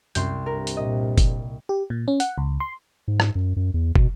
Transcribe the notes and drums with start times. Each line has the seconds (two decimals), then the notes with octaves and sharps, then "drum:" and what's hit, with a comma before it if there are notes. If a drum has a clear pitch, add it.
0.15 C2 F#2 C6 G6, drum: hi-hat
0.46 G2 C3 A#4
0.67 drum: hi-hat
0.77 A#2 D#5
1.18 drum: kick, hi-hat
1.69 G4
1.90 A#2
2.08 C#4
2.20 F#5, drum: hi-hat
2.38 C#2
2.60 C6
3.08 G#2
3.20 drum: rim click
3.35 F#2
3.56 F#2
3.74 E2
3.95 B2, drum: kick